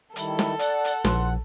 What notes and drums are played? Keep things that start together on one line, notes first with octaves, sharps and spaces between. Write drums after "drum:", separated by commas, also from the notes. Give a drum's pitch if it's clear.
D#3 G3 E4 A4, drum: hi-hat
drum: snare
D5 F#5, drum: hi-hat
drum: hi-hat
A#1 C6, drum: snare